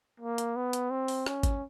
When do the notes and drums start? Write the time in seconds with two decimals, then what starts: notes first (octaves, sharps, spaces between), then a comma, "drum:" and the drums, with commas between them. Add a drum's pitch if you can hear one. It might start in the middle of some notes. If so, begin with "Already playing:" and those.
0.20 A#3
0.38 drum: hi-hat
0.56 B3
0.73 drum: hi-hat
0.91 C4
1.08 drum: open hi-hat
1.26 C#4, drum: rim click
1.43 drum: kick G#1, hi-hat